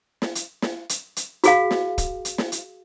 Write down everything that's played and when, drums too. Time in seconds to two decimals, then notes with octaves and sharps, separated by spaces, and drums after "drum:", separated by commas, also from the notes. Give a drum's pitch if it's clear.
0.22 drum: snare
0.35 drum: hi-hat
0.62 drum: snare
0.89 drum: hi-hat
1.17 drum: hi-hat
1.44 F#4 G#4 F5, drum: hi-hat
1.71 drum: snare
1.98 drum: kick, hi-hat
2.25 drum: hi-hat
2.38 drum: snare
2.52 drum: hi-hat